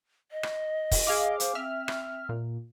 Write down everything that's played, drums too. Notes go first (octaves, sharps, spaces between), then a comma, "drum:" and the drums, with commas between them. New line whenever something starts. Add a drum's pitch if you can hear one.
D#5
drum: rim click
drum: kick, open hi-hat
G#4 F5 D6
C5, drum: hi-hat
C4 E5 F6
drum: rim click
A#2